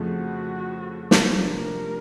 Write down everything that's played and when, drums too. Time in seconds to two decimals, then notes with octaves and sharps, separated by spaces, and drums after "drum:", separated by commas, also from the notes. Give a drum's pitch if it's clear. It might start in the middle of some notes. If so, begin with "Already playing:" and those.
Already playing: F2 C#3 F3 A3 F#4
1.11 drum: snare
1.35 C3 F3 A3 D4 A#4